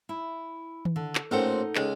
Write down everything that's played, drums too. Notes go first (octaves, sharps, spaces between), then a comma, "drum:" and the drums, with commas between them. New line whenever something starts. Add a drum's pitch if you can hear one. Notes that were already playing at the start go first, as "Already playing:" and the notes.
E4
drum: tom D#3
D3
drum: clap
A1 A#2 C4 D#4 A4 F#5
C#2 G#3, drum: clap